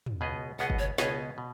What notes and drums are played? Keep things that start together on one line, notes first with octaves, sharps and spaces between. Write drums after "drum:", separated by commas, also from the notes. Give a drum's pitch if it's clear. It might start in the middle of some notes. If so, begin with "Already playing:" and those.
drum: tom
C#2 B2 B3 G#4 D#5
C#2 B2 B3 G#4 D#5 F#5
drum: kick
C#5
C#2 B2 B3 G#4 C#5 D#5, drum: snare
B2